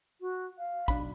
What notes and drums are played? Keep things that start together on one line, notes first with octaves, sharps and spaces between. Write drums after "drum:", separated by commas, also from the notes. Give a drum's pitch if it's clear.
F#4
F5
B1 D4 B5, drum: kick, hi-hat